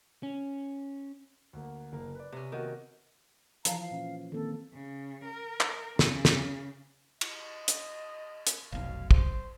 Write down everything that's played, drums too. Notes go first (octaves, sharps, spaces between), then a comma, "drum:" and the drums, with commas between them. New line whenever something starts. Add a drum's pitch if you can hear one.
C#4
D2 A#3
F#1 A#3
B4 D5
C3 C#4
D#3 A#3 B3 F#4
E3 F3 F5 A5 A#5, drum: hi-hat
F5
A#2 C#4
D#3 A#3 C4 A4
C#3
A#4
drum: clap
C#3, drum: snare
drum: snare
D#5, drum: cymbal
drum: hi-hat
drum: hi-hat
F1 B1 F5
C5, drum: kick